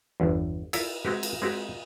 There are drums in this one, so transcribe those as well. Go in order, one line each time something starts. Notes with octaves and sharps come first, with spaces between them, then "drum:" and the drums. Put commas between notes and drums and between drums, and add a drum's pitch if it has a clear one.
G1 E2
E4 F4 A4 A#4 D5 E5, drum: cymbal
G#3 C4 F#4 G4 B4
drum: cymbal
G#3 C4 F#4 G4